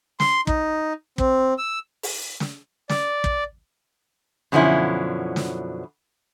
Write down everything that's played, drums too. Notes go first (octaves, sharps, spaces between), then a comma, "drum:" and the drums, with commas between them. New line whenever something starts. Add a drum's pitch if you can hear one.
C6, drum: snare
D#4, drum: kick
C4, drum: kick
E6
drum: open hi-hat
drum: snare
D5, drum: snare
drum: kick
F#2 B2 D3 F3 C#4 E4
drum: snare